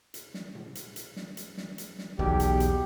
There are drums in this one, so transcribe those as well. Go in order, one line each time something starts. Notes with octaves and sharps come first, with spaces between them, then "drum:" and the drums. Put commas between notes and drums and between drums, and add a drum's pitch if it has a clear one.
drum: hi-hat
drum: snare
drum: tom A2
drum: hi-hat
drum: hi-hat
drum: snare
drum: hi-hat
drum: snare
drum: hi-hat
drum: snare
B1 E2 B2 G4
drum: hi-hat
drum: hi-hat